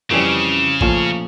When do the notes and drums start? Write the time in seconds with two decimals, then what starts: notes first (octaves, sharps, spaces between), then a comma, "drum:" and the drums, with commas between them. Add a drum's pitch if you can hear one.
0.11 F2 C#3 E3 G3 C#4 G4
0.81 A#2 F3 A3 C#4 F4, drum: kick